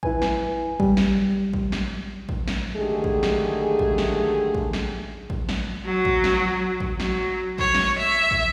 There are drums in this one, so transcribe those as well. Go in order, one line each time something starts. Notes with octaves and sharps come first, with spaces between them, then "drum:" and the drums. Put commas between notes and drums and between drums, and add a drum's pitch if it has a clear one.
E4 B4 G#5, drum: kick
drum: snare
G3, drum: kick
drum: snare
drum: kick
drum: snare
drum: kick
drum: snare
D3 D#3 G#3 A3 G4 G#4
drum: kick
drum: snare
drum: kick
drum: snare
drum: kick
drum: snare
drum: kick
drum: snare
F#3
drum: kick
drum: snare
drum: kick
F#3, drum: snare
C#5, drum: kick
drum: snare
E5
drum: kick